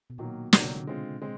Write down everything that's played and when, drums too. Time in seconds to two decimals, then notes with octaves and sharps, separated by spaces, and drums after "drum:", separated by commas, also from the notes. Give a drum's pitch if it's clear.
0.10 B2
0.18 A#2 D#3 F#3 A#3
0.53 B2 D#3 F#3 A#3, drum: snare
0.64 C#3
0.76 D3
0.87 G#3 C4 F4
1.22 G#3 C4